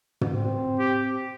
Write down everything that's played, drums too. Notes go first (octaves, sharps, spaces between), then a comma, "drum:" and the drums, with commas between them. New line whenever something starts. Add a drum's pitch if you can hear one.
drum: tom
C4
G4